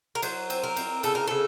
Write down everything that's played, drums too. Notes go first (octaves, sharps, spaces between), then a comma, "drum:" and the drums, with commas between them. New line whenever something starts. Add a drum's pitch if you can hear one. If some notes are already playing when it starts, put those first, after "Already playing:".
A#4
F#3 C5, drum: cymbal
C4, drum: cymbal
A#4
C4, drum: cymbal
C#3 A4, drum: cymbal
A#4
C#3 A4